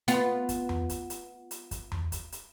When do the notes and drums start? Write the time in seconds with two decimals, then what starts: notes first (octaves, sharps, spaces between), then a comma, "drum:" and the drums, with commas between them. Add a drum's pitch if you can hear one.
0.08 B3 F4, drum: hi-hat
0.49 drum: kick, hi-hat
0.69 drum: tom E2
0.89 drum: kick, hi-hat
1.10 drum: hi-hat
1.51 drum: hi-hat
1.71 drum: kick, hi-hat
1.92 drum: tom E2
2.12 drum: kick, hi-hat
2.32 drum: hi-hat